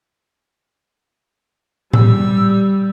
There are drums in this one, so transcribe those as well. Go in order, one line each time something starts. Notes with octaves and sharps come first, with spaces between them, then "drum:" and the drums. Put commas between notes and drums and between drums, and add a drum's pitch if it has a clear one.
G3 E6, drum: tom A2